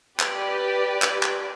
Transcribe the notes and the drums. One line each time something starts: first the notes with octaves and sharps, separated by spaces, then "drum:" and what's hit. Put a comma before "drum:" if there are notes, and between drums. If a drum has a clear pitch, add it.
G4 B4 D5, drum: clap
drum: clap
drum: clap